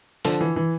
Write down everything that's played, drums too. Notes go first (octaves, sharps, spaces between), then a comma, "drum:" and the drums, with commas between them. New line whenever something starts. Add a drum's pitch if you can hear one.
D3 F3, drum: open hi-hat
E3
E3